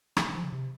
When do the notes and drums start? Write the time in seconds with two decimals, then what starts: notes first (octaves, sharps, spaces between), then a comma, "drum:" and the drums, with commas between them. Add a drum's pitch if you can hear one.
0.17 E3, drum: rim click
0.35 F3
0.44 C#3
0.52 C3